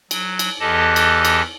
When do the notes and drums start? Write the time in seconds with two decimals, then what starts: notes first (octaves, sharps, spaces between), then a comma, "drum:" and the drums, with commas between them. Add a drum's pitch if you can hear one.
0.11 F#3, drum: cymbal
0.39 drum: cymbal
0.60 E2 E3 G4 A4 D#5 A5
0.96 drum: cymbal
1.25 drum: cymbal